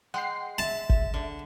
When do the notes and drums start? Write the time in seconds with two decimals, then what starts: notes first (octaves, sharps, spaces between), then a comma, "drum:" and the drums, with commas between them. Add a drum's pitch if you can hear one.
0.14 G#3 F#5 G5 C7
0.58 E5 A5
0.89 drum: kick G#1
1.14 D3